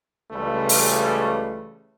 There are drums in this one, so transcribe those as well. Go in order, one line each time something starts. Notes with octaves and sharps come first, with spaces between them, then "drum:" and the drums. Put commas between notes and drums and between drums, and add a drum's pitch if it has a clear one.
C#2 C#3 E3 G3 A3
drum: open hi-hat